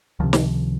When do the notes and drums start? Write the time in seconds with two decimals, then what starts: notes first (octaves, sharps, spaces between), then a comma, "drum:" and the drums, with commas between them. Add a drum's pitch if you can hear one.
0.19 C#2 C3 D#3 F3
0.33 drum: snare